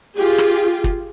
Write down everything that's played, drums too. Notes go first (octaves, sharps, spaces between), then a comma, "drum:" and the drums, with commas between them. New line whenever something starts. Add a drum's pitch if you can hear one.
F4 G4 G#4
drum: rim click
drum: kick